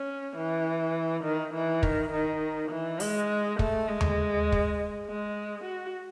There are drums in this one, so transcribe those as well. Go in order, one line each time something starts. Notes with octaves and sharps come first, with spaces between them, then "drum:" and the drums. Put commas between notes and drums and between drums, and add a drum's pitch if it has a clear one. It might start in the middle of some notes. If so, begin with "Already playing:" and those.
Already playing: C#4
E3
D#3
E3
D#3, drum: kick
D#3
E3
G#3, drum: open hi-hat
A3, drum: kick
G#3
drum: tom D#2
drum: kick
G#3
F#4